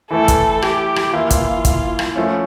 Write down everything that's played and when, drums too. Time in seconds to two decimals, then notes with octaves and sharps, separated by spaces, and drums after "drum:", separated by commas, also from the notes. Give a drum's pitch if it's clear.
0.10 E3 A3 E4 A4
0.28 drum: kick, hi-hat
0.62 G4, drum: rim click
0.96 drum: rim click
1.13 E3 A#3 E4 F4
1.30 drum: kick, hi-hat
1.65 drum: kick, hi-hat
1.99 drum: rim click
2.16 F3 A3 C#4